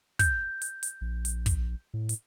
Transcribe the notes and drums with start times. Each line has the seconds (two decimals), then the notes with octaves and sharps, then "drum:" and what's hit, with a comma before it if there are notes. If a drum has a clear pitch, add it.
0.19 G6, drum: kick, hi-hat
0.62 drum: hi-hat
0.83 drum: hi-hat
1.01 A#1
1.25 drum: hi-hat
1.46 drum: kick, hi-hat
1.94 A2
2.09 drum: hi-hat